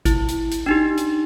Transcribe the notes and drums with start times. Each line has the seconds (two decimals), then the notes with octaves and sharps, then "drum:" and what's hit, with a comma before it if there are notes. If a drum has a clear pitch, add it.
0.05 E4, drum: kick G#1, hi-hat
0.28 drum: hi-hat
0.51 drum: hi-hat
0.66 D4 D#4 G4
0.97 drum: hi-hat